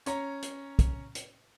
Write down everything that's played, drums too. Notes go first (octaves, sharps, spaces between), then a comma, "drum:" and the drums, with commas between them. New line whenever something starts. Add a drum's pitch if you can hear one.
C#4 C#5 A#5, drum: hi-hat
drum: hi-hat
drum: kick, hi-hat
drum: hi-hat